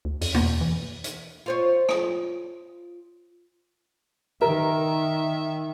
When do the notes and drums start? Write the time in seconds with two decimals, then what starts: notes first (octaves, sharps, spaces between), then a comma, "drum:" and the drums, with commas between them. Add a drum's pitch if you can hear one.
0.05 D2
0.21 F2, drum: open hi-hat
0.35 E2, drum: tom B2
0.61 E3
1.04 drum: hi-hat
1.46 F4 C5 C#5
1.89 drum: rim click
4.42 D#3 A#4 E5